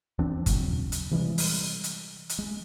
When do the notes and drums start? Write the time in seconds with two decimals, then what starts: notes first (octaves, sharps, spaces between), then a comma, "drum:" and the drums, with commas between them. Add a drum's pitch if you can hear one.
0.19 E2 E3 C4 D4
0.46 D#2 A#2 C#3 F#3, drum: kick F#1, hi-hat
0.92 drum: hi-hat
1.11 C3 E3 G3 G#3
1.38 drum: open hi-hat
1.84 drum: hi-hat
2.29 drum: hi-hat
2.39 G#3